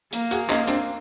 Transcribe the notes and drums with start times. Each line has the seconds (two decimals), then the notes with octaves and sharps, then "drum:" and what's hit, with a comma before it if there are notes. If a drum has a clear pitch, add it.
0.13 A#3, drum: hi-hat
0.31 F#4 G#4, drum: hi-hat
0.50 A#3 C#4 D#4, drum: clap
0.67 C4 D4, drum: hi-hat